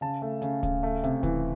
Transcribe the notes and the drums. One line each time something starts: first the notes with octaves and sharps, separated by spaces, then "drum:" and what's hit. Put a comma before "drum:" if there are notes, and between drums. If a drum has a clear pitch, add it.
C#3 A5
A3
C#3, drum: hi-hat
C#3, drum: kick D1, hi-hat
A3
C3, drum: hi-hat
E3, drum: kick D1, hi-hat